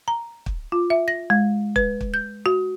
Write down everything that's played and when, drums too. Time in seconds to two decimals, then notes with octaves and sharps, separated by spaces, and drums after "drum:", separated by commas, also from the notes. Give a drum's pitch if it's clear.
0.08 A#5
0.46 drum: kick
0.72 F4
0.90 E5
1.08 A#6
1.30 G#3
1.76 B4, drum: kick
2.01 drum: kick
2.14 G6
2.46 F#4